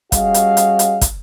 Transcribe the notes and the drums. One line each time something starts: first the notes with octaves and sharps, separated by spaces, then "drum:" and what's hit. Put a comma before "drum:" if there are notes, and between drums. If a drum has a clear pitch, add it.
G3 C#4 F#4 G#4 D#5 F5, drum: kick, hi-hat
drum: hi-hat
drum: hi-hat
drum: hi-hat
drum: kick, hi-hat